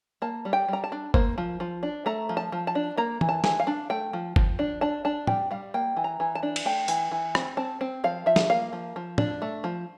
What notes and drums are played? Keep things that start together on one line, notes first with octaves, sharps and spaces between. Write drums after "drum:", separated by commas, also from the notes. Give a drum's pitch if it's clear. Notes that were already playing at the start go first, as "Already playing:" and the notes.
A#3 A5
G3
G5
G3 A#5
A5
D4
A#3 C5, drum: kick G1
F3
F3
D4
A3 A#5
F3
A5
F3
A5
D4
A#3 A#5
E3, drum: tom
A5
E3, drum: snare
F5
D4
A3 G5
F3
F3, drum: kick G1
D4
D4 A5
D4 A5
G3 G5, drum: tom
G3 F5
A#3 G5
E3
A#5
E3
A5
D4
drum: cymbal
A3 G5
E3, drum: hi-hat
E3
C4, drum: rim click
C4 A5
C4
F3 F5
F3 E5
drum: snare
A#3 F5
F3
F3
D4, drum: tom
A3
F3